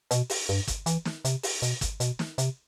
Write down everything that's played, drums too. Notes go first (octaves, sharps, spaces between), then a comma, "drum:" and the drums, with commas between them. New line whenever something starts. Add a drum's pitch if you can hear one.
B2, drum: hi-hat
drum: open hi-hat
G2
drum: kick, hi-hat
E3, drum: hi-hat
drum: snare
C3, drum: hi-hat
drum: open hi-hat
B2, drum: hi-hat
drum: kick, hi-hat
B2, drum: hi-hat
drum: snare
C3, drum: hi-hat